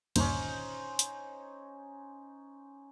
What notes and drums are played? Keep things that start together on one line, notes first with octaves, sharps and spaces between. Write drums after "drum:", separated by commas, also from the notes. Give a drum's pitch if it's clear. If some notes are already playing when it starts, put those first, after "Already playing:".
G1 D#2 A#2 C#4 D#4 C5, drum: cymbal
drum: hi-hat